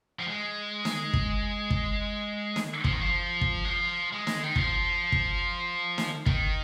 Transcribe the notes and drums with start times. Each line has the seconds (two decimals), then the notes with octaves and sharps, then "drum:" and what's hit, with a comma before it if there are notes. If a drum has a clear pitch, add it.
0.19 F3
0.28 G#3
0.85 drum: snare
1.13 drum: kick
1.70 drum: kick
2.56 drum: snare
2.84 F3, drum: kick
2.93 D#3
3.01 F3
3.41 drum: kick
3.64 G#3
3.69 F3
4.13 G#3
4.27 drum: snare
4.43 D#3
4.56 F3, drum: kick
5.12 drum: kick
5.98 drum: snare
6.26 D#3, drum: kick